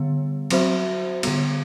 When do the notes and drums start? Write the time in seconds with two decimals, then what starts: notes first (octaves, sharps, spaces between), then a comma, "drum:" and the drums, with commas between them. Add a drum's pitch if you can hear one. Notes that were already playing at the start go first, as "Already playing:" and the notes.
Already playing: D3 G3 B3
0.51 F#3 C4 F#4 C5 E5, drum: cymbal
1.23 D3 G3 B3, drum: cymbal